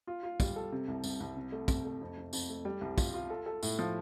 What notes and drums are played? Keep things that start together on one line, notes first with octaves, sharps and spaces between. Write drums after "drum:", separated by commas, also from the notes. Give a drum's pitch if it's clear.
F4
F4
G3, drum: kick, tambourine
A4
C3
C2
C2, drum: tambourine
C2
C3
A3
C3, drum: kick, tambourine
A3
F2
F2
F2, drum: tambourine
A3
G3
C2
F4, drum: kick, tambourine
F4
A4
A4
A2, drum: tambourine
F3